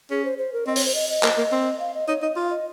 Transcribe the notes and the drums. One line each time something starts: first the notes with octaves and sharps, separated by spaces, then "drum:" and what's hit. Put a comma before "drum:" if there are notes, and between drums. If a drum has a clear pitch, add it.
C#4 G#4
C5
C5
A#4
C4 D#5
C#5, drum: open hi-hat
C5
D#5
D#5
A#3, drum: clap
A#3
C4
F5
D#5
D#4 C#5
D#4 D#5
F4 F5
D#5